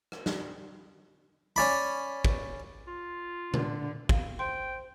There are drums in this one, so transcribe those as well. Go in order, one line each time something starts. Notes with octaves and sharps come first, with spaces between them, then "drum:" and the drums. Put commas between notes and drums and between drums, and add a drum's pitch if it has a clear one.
drum: rim click
drum: snare
C#4 D5 B5
drum: kick
F4
D3, drum: tom A#2
F5, drum: kick
C5 G5 C6